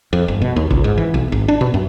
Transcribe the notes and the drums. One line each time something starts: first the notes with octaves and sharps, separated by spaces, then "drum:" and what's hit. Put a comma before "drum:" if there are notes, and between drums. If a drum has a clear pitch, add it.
F2
G1
B2
D#2
C#2, drum: kick G1
G#2
E3
B1
G#1
D4
B2
F#2